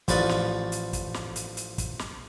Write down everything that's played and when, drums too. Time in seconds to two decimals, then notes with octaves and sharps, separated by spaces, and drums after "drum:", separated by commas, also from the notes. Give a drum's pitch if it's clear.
0.08 A1 F3 B4 D5 C#6 D#6, drum: kick, hi-hat
0.29 drum: snare
0.72 drum: hi-hat
0.93 drum: kick, hi-hat
1.14 drum: snare
1.36 drum: hi-hat
1.57 drum: hi-hat
1.78 drum: kick, hi-hat
1.99 drum: snare